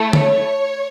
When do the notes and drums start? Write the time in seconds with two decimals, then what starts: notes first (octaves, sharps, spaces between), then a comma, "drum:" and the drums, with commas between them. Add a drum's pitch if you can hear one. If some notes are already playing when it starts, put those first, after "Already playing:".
Already playing: A3 E4 A4
0.13 C#5, drum: tom